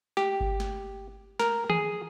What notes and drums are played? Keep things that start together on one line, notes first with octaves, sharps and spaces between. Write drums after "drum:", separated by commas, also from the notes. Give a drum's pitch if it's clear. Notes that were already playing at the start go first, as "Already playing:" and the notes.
G4, drum: snare
drum: kick G1
drum: snare
A#4, drum: snare
G#4, drum: tom D#3